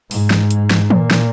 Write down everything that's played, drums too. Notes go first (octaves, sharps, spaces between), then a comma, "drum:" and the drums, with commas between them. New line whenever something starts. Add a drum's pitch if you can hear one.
G#2, drum: open hi-hat
drum: snare
drum: hi-hat
drum: snare
A#2, drum: tom
drum: snare